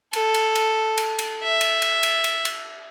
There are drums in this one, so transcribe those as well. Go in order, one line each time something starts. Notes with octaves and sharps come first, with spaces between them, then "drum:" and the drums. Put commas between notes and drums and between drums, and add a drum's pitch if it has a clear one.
A4, drum: cymbal
drum: cymbal
drum: cymbal
drum: cymbal
drum: cymbal
E5
drum: cymbal
drum: cymbal
drum: cymbal
drum: cymbal
drum: cymbal